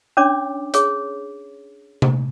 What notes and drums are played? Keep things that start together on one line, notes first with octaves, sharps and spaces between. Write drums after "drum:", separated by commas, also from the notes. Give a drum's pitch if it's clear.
C#4 D4 C#5 D6
G#4 C#5, drum: hi-hat
drum: tom C3